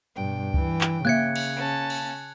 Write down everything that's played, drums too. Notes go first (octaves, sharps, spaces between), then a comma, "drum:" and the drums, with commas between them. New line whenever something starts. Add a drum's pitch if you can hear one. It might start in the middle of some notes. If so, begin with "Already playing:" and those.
G2 B2 G5
E3, drum: kick C#2
drum: clap
C#3 A#3 C#5 E5 F#6 G#6 C#7
drum: cymbal
C#4 A5
drum: cymbal